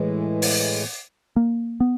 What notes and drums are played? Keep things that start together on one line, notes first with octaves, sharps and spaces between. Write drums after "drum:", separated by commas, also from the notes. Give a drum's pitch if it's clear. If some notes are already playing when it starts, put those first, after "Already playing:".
Already playing: A2 E3 G#3
drum: open hi-hat
A#3
B3